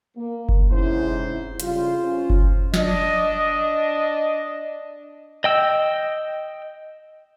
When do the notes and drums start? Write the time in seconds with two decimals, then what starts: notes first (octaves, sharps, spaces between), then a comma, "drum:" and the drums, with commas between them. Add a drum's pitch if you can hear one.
0.16 A#3
0.49 drum: kick F#1
0.71 G#2 C3 C#4 E4 C5
1.60 F2 C#3 G3 F4 C5, drum: hi-hat
2.04 C#4
2.30 drum: kick F#1
2.74 D4 D#5, drum: snare
5.44 D#5 G5 E6